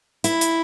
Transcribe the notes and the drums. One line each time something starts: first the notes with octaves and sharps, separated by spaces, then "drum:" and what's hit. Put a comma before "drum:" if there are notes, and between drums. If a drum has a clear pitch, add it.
E4, drum: hi-hat
drum: hi-hat